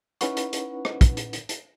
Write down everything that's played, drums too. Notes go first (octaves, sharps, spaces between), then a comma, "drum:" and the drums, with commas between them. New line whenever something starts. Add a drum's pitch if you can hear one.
C#4 D#4 E4 B4 F#5 C#6, drum: hi-hat
drum: hi-hat
drum: hi-hat
drum: rim click
drum: kick, hi-hat
drum: hi-hat
drum: hi-hat
drum: hi-hat